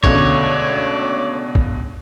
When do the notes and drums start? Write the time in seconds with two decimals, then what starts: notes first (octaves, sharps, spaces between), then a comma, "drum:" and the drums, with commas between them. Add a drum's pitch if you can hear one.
0.04 C#2 B2 D3 A3 D4 C#5 D5, drum: kick
1.55 drum: kick